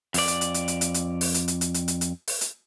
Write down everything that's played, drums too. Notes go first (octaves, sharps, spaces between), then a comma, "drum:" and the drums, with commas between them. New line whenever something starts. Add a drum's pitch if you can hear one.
F2 D5, drum: open hi-hat
drum: hi-hat
drum: hi-hat
drum: hi-hat
drum: hi-hat
drum: hi-hat
drum: hi-hat
drum: open hi-hat
drum: hi-hat
drum: hi-hat
drum: hi-hat
drum: hi-hat
drum: hi-hat
drum: hi-hat
drum: open hi-hat
drum: hi-hat